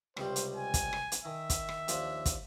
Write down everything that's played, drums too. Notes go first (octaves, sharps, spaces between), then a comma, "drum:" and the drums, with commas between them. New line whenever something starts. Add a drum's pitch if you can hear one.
C#2 C3 G3 C5, drum: rim click
drum: hi-hat
G#5
drum: kick, hi-hat
drum: rim click
drum: hi-hat
D#3 E5
drum: kick, hi-hat
drum: rim click
D#2 F3 D4, drum: hi-hat
drum: kick, hi-hat